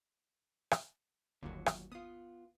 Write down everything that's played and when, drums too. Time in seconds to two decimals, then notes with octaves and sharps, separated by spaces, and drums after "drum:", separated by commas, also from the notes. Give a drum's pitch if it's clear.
0.71 drum: rim click
1.43 G1 D#2 A#2 F#3
1.66 drum: rim click
1.92 B3 F4 D#6